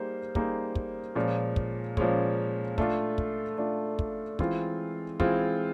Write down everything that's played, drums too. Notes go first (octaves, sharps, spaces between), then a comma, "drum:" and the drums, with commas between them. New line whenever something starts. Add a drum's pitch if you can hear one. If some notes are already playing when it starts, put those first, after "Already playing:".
Already playing: G3 A#3 D#4 G#4 C5
G3 A#3 D#4 G#4 C5, drum: kick
drum: kick
A#2 F3 G#3 C#4
drum: kick
A#2 F3 G#3 C#4, drum: kick
A3 D4 F4, drum: kick
drum: kick
A3 D4 F4
drum: kick
E3 G#3 C4 F4, drum: kick
E3 G#3 C4 F4, drum: kick